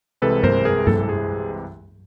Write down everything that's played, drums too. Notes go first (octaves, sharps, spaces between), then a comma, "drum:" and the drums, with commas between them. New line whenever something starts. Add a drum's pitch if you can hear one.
C2 C3 E3 G#3 A4 B4
A#4 C5, drum: tom G2
G#4 A#4
A4, drum: tom G2
A4
G#4